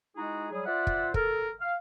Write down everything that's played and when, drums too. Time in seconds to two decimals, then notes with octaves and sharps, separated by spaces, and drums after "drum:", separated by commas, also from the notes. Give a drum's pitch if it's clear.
0.17 G#3 D#4 E4 F#4 G#4
0.51 F#3 G3 G#4
0.66 F4 C5 D5 E5 F#5
0.87 drum: kick
1.14 A4 A#4, drum: kick
1.60 F5